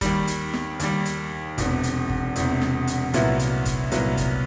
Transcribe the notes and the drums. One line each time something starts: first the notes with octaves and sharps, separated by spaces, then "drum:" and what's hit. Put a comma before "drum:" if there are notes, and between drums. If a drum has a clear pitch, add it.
D#2 D#3 G3, drum: kick, hi-hat
drum: hi-hat
drum: snare
D#2 D#3 G3, drum: hi-hat
drum: hi-hat
E1 E2 C3, drum: kick, hi-hat
drum: hi-hat
drum: kick
E1 E2 C3, drum: hi-hat
drum: snare
drum: hi-hat
C2 A#2 F#3 B3 E4, drum: hi-hat
drum: hi-hat
drum: kick, hi-hat
C2 A#2 F#3 B3 E4, drum: hi-hat
drum: kick, hi-hat